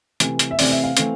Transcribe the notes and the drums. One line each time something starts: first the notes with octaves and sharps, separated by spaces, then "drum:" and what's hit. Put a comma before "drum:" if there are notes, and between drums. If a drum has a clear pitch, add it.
C3 E3 A3 C4, drum: hi-hat
drum: hi-hat
E5
C3 E3 A3 C4 D5, drum: open hi-hat
E5
F5
E3 A3 C4, drum: hi-hat